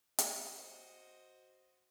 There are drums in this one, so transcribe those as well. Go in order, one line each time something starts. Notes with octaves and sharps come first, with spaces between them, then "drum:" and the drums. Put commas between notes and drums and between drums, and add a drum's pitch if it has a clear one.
F#4 C5 D#5, drum: hi-hat